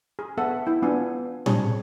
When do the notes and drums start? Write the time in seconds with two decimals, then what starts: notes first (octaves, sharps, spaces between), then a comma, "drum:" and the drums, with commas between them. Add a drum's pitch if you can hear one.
0.19 G#4
0.38 B3 A4 E5 F#5
0.66 E4 G5
0.83 B3 D4 F4 G#5
1.46 G3 C4 D4 G#4 C#5 A5, drum: tom A2